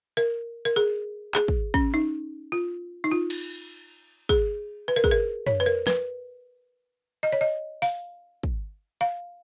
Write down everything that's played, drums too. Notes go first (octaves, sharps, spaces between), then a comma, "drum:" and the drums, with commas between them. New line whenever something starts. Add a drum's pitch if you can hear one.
A#4
A#4
G#4
G#4, drum: clap
drum: kick
C#4, drum: kick
D#4
F4
D#4
F4
drum: cymbal
G#4, drum: kick
B4
A#4
G#4, drum: kick
A#4
C#5, drum: tom
B4
A#4
B4, drum: snare
D#5
C#5
D#5
F5, drum: open hi-hat
drum: kick
F5